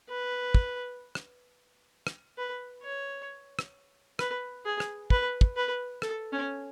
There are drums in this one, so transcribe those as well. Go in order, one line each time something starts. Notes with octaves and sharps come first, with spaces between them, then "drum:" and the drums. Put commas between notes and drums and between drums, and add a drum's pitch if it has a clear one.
B4
drum: kick
drum: rim click
drum: rim click
B4
C#5
drum: rim click
B4, drum: rim click
G#4
drum: rim click
B4, drum: kick
drum: kick
B4
A4, drum: rim click
C#4